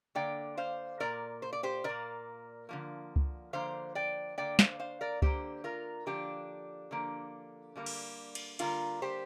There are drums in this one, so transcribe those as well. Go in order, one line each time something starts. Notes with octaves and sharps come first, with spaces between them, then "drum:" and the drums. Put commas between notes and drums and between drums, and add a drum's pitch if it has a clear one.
D3 A#3 D5 G5
C5 F5
A#2 A#3 A#4 D5
C5
D5
G4 C5
A#2 A#3 A#4 D5
D3 F3 A#3
drum: kick C#2
D3 F3 A#3 C5 F5
D5 G5
D3 A#3 D5 G5
C5 F5, drum: snare
C5 F5
A#4 D5
D3 A#3 G4 C5, drum: kick C#2
F4 A#4
D3 F3 A#3 D4 G4
D3 F3 A#3
D3 G3 A#3
drum: cymbal
drum: cymbal
D3 G3 A#3 F4 A#4, drum: cymbal
G4 C5